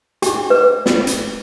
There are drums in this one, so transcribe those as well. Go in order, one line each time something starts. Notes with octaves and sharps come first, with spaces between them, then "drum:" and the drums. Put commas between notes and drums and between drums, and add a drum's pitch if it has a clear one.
G4, drum: hi-hat
B4
drum: snare
drum: hi-hat